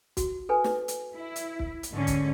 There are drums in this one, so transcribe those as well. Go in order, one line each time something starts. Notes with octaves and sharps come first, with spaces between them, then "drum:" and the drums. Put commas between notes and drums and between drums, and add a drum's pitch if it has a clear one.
F#4, drum: kick, hi-hat
A4 B4 G#5
drum: snare
drum: hi-hat
E4
drum: hi-hat
drum: kick
drum: hi-hat
G#2 D3 C#4
drum: kick, hi-hat